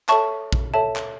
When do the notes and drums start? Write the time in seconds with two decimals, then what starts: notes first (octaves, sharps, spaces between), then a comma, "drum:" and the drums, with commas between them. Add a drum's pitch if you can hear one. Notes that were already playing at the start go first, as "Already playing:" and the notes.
0.09 A4 C#5 E5 A5 C#6, drum: clap
0.52 drum: kick A#1
0.74 A4 C#5 E5 A5
0.96 drum: clap